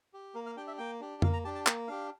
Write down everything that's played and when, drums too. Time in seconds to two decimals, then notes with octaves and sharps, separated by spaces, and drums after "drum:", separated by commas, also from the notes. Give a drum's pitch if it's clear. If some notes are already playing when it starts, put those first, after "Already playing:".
0.13 G4
0.35 A#3 A#4
0.46 F5
0.56 D4 G4 G5
0.68 E5
0.78 A#3 G5
1.00 D4 G4
1.22 A#3 F5, drum: tom F2
1.33 A#5
1.44 D4 G4 A5
1.55 A5
1.67 A#3 G5, drum: clap
1.88 D4 G4 F5